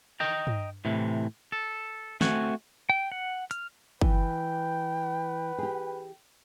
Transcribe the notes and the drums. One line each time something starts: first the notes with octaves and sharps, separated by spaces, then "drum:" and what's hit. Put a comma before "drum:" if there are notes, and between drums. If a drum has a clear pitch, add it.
D#5 G5 A#5
drum: tom G2
A2 C3 E3
A4
A3 C4 F#4 F#5 G#5, drum: snare
G5
F#5
F6, drum: hi-hat
E3 B4 G5, drum: kick
G4 G#4